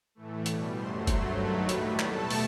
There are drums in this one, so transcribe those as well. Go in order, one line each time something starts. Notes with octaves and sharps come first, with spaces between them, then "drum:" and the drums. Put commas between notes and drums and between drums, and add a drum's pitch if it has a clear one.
A2 E3 A3
B2 G3, drum: hi-hat
F#2 F#3 A3 C5 C6
G2 F#3 A3 C5 C6, drum: kick, hi-hat
D#2 D#3 F#3 A3 B4 B5
A2 G3 B4 B5, drum: hi-hat
B2 A3 A4 A5, drum: clap
drum: open hi-hat